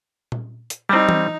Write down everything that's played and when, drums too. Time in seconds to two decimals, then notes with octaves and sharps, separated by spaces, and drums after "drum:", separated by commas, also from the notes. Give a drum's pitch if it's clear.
0.32 drum: tom A#2
0.70 drum: hi-hat
0.89 G3 C4 D#4
1.09 drum: tom E3